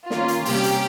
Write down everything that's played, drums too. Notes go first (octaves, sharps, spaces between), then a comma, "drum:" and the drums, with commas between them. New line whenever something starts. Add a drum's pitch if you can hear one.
D#3 A#3 C#4 F4, drum: snare
drum: hi-hat
C3 G3 A#3 C#4 G4, drum: open hi-hat
drum: hi-hat